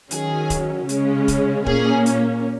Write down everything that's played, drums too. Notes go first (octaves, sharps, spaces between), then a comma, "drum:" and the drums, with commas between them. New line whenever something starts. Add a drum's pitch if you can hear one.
D#3 F#3 C#4 G#4, drum: hi-hat
drum: kick, hi-hat
C#3 G#3 C#4, drum: hi-hat
drum: kick, hi-hat
A#2 A#3 C#4 G#4, drum: kick
drum: hi-hat